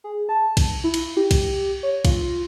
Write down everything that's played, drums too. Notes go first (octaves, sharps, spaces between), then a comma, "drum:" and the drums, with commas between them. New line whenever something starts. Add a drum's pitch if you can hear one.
G#4
A5
drum: kick, cymbal
E4
drum: cymbal
G4
drum: kick, cymbal
C#5
F4, drum: kick, cymbal